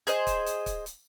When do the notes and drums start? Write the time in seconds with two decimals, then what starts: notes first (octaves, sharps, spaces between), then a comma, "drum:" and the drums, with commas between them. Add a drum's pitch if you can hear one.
0.07 G#4 C5 D#5, drum: hi-hat
0.27 drum: kick, hi-hat
0.46 drum: hi-hat
0.66 drum: kick, hi-hat
0.86 drum: hi-hat